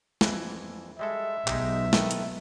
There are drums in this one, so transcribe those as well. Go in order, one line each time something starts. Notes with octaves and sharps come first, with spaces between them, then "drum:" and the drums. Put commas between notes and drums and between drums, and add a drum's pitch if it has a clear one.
F2 E3, drum: snare
G3 G#3 A4 E5
B1 G#3 D#4 G4, drum: clap
D#3 A4 B4, drum: snare
drum: hi-hat